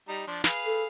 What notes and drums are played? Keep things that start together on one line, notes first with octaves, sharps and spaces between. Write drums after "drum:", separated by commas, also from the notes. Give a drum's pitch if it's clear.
G3 D#4 A#5
F3 D4
G#4 B4 F5, drum: snare
A4